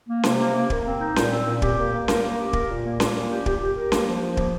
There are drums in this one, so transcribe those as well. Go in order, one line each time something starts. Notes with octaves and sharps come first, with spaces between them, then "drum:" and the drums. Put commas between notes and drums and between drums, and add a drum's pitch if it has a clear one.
A#3
C3, drum: snare C#4
A#3
A#3
A#3, drum: kick
C4
D#4
A#2, drum: snare C#4
C4
A#2
G4, drum: kick
A#3
A#3
A#4, drum: snare C#4
A#3
G4
A#4, drum: kick
A#2
A#3
A#3, drum: snare C#4
A#2
G4
G4, drum: kick
G4
A#4
A#3, drum: snare C#4
F3
F3
A#3, drum: kick